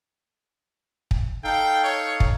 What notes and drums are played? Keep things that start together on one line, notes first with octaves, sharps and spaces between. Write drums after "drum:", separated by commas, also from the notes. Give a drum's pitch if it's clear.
drum: kick
D#4 A4 F5 G5
C#5
drum: kick